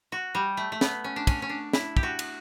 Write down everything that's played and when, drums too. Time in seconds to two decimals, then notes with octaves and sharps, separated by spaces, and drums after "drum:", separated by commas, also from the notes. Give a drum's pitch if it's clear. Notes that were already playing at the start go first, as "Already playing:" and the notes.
0.12 F#4
0.35 G3
0.57 A3
0.72 A3
0.81 B3, drum: snare
1.04 C#4
1.16 D4
1.27 C#4, drum: kick, cymbal
1.42 C#4
1.49 D4
1.73 E4, drum: snare
1.97 G4, drum: kick
2.03 F#4
2.19 drum: cymbal